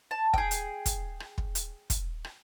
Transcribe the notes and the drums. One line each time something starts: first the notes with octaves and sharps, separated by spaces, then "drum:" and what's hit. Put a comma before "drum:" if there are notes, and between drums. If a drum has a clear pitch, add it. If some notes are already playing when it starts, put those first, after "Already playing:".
A5
G#4 G5, drum: kick
drum: hi-hat
drum: kick, hi-hat
drum: rim click
drum: kick
drum: hi-hat
drum: kick, hi-hat
drum: rim click